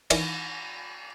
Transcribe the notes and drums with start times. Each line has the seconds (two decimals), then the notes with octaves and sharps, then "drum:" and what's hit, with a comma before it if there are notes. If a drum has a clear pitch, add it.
0.10 D#3 E3 C#4 D5, drum: cymbal